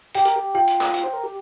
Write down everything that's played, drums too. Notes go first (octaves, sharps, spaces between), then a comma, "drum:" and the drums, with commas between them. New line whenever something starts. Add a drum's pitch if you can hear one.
G4 G5, drum: hi-hat
A#4, drum: hi-hat
G4
F4 G5
drum: hi-hat
drum: clap
drum: hi-hat
C5
A#4
G4